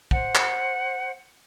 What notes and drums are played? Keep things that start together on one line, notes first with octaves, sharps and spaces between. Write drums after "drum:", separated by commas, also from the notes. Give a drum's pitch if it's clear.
C5 F#5, drum: kick
drum: clap